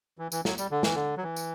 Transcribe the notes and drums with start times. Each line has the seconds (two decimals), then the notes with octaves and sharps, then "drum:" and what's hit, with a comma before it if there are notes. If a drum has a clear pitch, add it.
0.18 E3
0.32 E3, drum: tambourine
0.45 F#3, drum: snare
0.58 G3, drum: tambourine
0.71 D3
0.83 E3, drum: snare
0.95 D3
1.17 F#3
1.23 E3
1.36 drum: tambourine